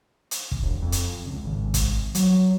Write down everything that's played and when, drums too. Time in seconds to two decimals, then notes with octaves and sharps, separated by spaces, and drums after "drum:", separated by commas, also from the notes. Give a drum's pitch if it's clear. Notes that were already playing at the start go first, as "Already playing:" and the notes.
0.31 drum: hi-hat
0.51 drum: kick
0.62 E1
0.82 F2
0.92 drum: hi-hat
1.26 C#2
1.45 G#1
1.74 drum: kick, hi-hat
2.15 F#3, drum: hi-hat